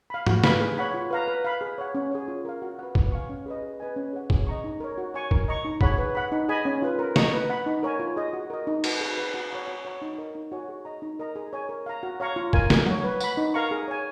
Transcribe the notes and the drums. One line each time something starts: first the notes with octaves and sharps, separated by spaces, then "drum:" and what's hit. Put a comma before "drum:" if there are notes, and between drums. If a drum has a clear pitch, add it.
F5 B5
F#4, drum: tom G#2
B4 F5 B5, drum: snare
G#4
C#5 F#5 B5
F4
B4 F5 A#5
B4
F5 B5
G#4
C#5 F#5
C#4
G#4 C#5
F4
A#4 F5
F#4
B4 F#5
B4, drum: kick
F5 G#5 C#6
C#4
G#4 B4 D#5
G#4
B4 D#5 G#5
C#4
G#4 C#5 F#5
G#4, drum: kick
D#5 A#5 C#6
D#4
A#4 C#5
F#4
C#5 G#5 C#6
A#4, drum: kick
D#5 A#5 C#6
D#4
G#4 C#5 F#5 B5, drum: kick
B4
F#5 B5
D#4
G#4 D#5 G#5 B5
C#4
F4 B4
A#4
D#5 A#5 C#6, drum: snare
B4
F#5 B5
D#4
A#4 C#5 G#5
F4
G#4 D#5
F#4
A#4 D#5
D#4
F#4 B4, drum: cymbal
G#4
B4 F#5 B5
F#4
C#5 F#5 A#5
F#4
C#5 F#5 A#5 C#6
D#4
A#4 D#5
D#4
F#4 C#5 G#5
G#4
D#5 A#5
D#4
A#4 D#5 A#5
G#4
C#5 G#5
A#4
F5 A#5
F#4
C#5 F5 A#5 C#6
F4
A#4 F5 G#5, drum: kick
A#4, drum: snare
C#5 F#5, drum: tom
B4
F#5 B5, drum: tambourine
D#4
A#4 F5 A#5 C#6
G#4
C#5 G#5